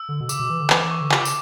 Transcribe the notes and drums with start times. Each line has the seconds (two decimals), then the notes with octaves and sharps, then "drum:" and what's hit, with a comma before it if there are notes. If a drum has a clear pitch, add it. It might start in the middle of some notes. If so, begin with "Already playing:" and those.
Already playing: E6
0.09 D3
0.20 B2
0.29 C#3 D6, drum: tambourine
0.40 B2
0.50 E3
0.61 D3
0.70 E3 D6, drum: clap
0.91 C#6
1.01 D3
1.12 C#3 D6, drum: clap
1.25 drum: tambourine